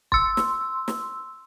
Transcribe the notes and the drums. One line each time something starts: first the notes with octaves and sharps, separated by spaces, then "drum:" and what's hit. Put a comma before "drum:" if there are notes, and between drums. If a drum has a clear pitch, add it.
C6 E6, drum: kick
drum: snare
drum: snare